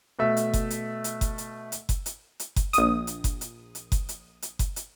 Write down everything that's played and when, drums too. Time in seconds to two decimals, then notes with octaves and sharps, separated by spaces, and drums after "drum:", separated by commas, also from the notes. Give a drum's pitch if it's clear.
0.19 B2 A3 E5
0.37 drum: hi-hat
0.53 drum: kick F#1, hi-hat
0.70 drum: hi-hat
1.04 drum: hi-hat
1.21 drum: kick F#1, hi-hat
1.38 drum: hi-hat
1.72 drum: hi-hat
1.89 drum: kick F#1, hi-hat
2.06 drum: hi-hat
2.39 drum: hi-hat
2.56 drum: kick F#1, hi-hat
2.73 A#1 D#6, drum: hi-hat
3.07 drum: hi-hat
3.24 drum: kick F#1, hi-hat
3.41 drum: hi-hat
3.75 drum: hi-hat
3.92 drum: kick F#1, hi-hat
4.09 drum: hi-hat
4.42 drum: hi-hat
4.59 drum: kick F#1, hi-hat
4.76 drum: hi-hat